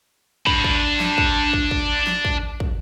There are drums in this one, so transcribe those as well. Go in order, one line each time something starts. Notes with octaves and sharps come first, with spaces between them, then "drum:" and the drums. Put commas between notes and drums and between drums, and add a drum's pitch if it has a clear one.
D4 B5, drum: kick
drum: kick
drum: snare
drum: kick
drum: kick
drum: kick
drum: snare
drum: kick
drum: kick